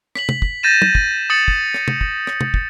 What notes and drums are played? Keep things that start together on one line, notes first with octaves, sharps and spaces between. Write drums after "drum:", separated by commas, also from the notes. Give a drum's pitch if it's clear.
B6 F#7, drum: rim click
drum: tom
drum: kick
G6 A6 A#6 D#7 E7
drum: tom
drum: kick
D#6 A6 C#7 F#7
drum: kick
drum: rim click
drum: tom
drum: kick
drum: rim click
drum: tom
drum: kick